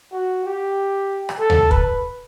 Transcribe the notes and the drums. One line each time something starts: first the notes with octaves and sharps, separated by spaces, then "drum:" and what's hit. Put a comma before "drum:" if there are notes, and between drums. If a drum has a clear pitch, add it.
F#4
G4
drum: rim click
A4
drum: tom D2
B4, drum: kick